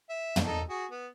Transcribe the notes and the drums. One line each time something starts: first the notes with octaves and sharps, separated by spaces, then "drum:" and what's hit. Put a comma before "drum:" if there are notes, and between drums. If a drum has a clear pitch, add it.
E5
drum: tom
D#4 A4
F#4 G#4
B3